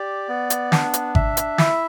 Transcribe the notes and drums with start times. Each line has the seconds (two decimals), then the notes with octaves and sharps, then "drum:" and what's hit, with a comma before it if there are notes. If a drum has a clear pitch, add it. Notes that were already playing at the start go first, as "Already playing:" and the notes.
Already playing: G4 D5
0.29 B3
0.50 drum: hi-hat
0.72 D4, drum: snare
0.93 drum: hi-hat
1.15 E5, drum: kick G#1
1.37 drum: hi-hat
1.58 E4, drum: snare